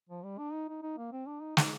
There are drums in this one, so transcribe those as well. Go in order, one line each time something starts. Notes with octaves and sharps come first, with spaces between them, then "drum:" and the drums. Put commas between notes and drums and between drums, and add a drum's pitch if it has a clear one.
F3
G3
D4
D#4
D#4
D#4
A#3
C4
D4
D#4
D#4, drum: snare